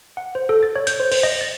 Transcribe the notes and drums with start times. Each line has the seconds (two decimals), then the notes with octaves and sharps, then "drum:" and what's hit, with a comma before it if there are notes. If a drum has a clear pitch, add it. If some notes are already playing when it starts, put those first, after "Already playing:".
0.17 F#5
0.35 C5
0.49 A4
0.63 A6
0.76 C#5
0.87 G6, drum: hi-hat
1.00 C5
1.12 C5, drum: open hi-hat
1.23 D#5
1.41 A6